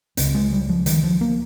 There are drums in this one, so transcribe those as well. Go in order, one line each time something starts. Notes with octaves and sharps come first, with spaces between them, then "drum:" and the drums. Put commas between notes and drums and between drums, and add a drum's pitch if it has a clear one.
C#2 C#3 C4, drum: hi-hat
G#3
G3
F3
D#3, drum: hi-hat
F3
A#3